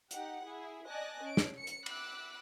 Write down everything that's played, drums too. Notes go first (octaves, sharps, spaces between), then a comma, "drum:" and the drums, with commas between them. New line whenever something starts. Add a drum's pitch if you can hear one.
D#4 G4 F#5, drum: hi-hat
E4 G#4
D5 D#5 G#5 A5 F#6 A#6
C#4 D7
drum: snare
C#7
drum: hi-hat
B5 D6 E6 F#6, drum: cymbal